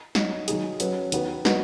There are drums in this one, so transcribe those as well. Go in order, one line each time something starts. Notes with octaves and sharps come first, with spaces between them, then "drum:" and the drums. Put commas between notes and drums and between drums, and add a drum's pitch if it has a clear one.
F#3 D#4 F#4, drum: snare
D#3 F#3 D#4 G#4, drum: hi-hat
F#3 C#4 B4, drum: hi-hat
D#3 B3 F#4 B4, drum: hi-hat
F#3 B3 D#4 F#4 B4, drum: snare